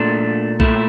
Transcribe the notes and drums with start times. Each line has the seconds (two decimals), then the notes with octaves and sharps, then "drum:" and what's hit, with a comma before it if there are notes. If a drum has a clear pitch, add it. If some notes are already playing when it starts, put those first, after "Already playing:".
Already playing: A#2 A3 D4
0.60 A#2 A3 E4, drum: kick B1